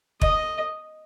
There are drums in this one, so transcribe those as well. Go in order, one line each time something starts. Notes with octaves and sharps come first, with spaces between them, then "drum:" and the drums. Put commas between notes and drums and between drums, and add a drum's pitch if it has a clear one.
D#5, drum: kick F1